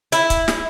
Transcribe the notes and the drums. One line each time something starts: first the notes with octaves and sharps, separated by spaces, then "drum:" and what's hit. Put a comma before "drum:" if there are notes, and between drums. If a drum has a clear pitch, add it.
E4, drum: hi-hat
drum: kick C#1, hi-hat
drum: snare